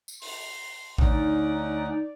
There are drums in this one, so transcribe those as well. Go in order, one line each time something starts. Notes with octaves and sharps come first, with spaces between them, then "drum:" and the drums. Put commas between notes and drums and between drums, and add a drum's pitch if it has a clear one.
drum: tambourine
C6, drum: open hi-hat
D2 C#4 D#4 D5 D#5 F#5, drum: kick A1